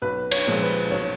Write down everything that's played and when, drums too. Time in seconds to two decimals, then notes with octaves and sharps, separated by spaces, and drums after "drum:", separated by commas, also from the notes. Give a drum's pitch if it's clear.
0.02 B1 B4
0.31 C#5, drum: cymbal
0.47 A#2 F3 G#3
0.62 B4
0.91 B1 C#5